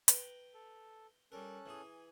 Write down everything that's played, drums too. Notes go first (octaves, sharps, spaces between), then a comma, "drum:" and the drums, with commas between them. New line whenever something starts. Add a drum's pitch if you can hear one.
B4 G5 A#5, drum: hi-hat
A4
G3 C#4 A4 A#4 F#6
E3 G#4